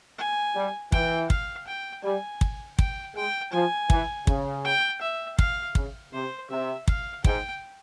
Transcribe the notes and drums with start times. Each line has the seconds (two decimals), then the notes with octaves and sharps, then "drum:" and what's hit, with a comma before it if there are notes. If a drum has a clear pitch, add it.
0.18 G#5
0.56 G3
0.92 E3 G5, drum: kick
1.30 F5, drum: kick
1.67 G5
2.03 G3 G#5
2.41 drum: kick
2.79 G5, drum: kick
3.15 G#3 G5
3.53 F3 G#5
3.90 E3, drum: kick
4.27 C#3, drum: kick
4.64 G5
5.01 E5
5.39 F5, drum: kick
5.75 C#3, drum: kick
6.13 C3 C5
6.50 C3 E5
6.88 F5, drum: kick
7.24 G#2 G5, drum: kick